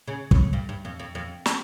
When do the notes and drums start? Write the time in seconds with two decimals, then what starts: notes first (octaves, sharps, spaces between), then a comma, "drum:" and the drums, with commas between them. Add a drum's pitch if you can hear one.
0.07 C#3
0.31 A2, drum: kick
0.53 G2
0.69 G2
0.85 F2
1.00 F2
1.15 F2
1.46 drum: snare